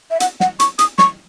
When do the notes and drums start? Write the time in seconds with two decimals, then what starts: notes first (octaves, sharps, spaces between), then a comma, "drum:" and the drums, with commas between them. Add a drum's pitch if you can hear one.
0.11 E5
0.20 F#5, drum: hi-hat
0.40 F#5, drum: snare
0.60 C#6, drum: hi-hat
0.79 D#6, drum: hi-hat
0.98 C#6, drum: snare